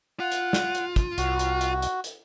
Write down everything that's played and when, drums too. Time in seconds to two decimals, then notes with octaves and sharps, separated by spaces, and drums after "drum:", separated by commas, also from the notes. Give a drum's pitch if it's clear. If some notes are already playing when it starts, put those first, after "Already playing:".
0.20 F4 F#5
0.32 drum: hi-hat
0.53 drum: snare
0.75 drum: hi-hat
0.96 drum: kick, hi-hat
1.18 C2 F#4, drum: hi-hat
1.39 drum: hi-hat
1.61 drum: hi-hat
1.82 drum: hi-hat
2.04 drum: hi-hat